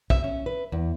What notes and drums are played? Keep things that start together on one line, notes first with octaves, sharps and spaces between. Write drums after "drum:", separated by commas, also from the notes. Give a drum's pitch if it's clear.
E5, drum: kick B1
C#4
B4
E2